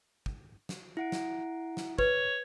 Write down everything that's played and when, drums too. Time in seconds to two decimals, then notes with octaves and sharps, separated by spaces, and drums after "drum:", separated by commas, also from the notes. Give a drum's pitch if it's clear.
0.26 drum: kick
0.69 drum: snare
0.97 E4 F#5 D7
1.12 drum: snare
1.77 drum: snare
1.99 B4 C#5, drum: kick